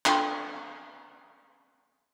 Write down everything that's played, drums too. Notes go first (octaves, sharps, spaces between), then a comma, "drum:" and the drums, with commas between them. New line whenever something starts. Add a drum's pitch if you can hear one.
D4 F4 A4 G5 B5 C6, drum: clap